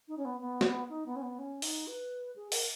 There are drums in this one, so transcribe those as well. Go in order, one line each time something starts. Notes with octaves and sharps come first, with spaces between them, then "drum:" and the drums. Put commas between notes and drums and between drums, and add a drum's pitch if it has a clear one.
D#4
C#4
B3
B3
drum: snare
D#4
B3
C#4
B3
C#4
D#4, drum: open hi-hat
B4
G#4
A#4, drum: open hi-hat